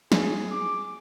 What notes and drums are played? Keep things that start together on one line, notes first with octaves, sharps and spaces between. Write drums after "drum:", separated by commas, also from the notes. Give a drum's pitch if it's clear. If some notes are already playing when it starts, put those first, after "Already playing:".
G#4, drum: snare
D6